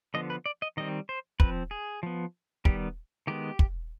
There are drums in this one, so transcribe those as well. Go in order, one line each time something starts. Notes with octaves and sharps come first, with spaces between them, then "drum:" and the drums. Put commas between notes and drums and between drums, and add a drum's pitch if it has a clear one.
D3 F3 B3 D#5
B4
D5
D#5
D#3 G3 C4 D#5
C5
F3 C4 B4, drum: kick
G#4
F3 B3
D#3 G3 B3 G4, drum: kick
D#3 G#3 B3 G4
drum: kick